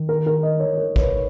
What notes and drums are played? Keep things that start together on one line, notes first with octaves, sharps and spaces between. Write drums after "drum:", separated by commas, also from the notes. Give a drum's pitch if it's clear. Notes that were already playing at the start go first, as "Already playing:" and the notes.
Already playing: D#3
A#4
A#4
D#5
C#5
A#4
C#5, drum: kick
B4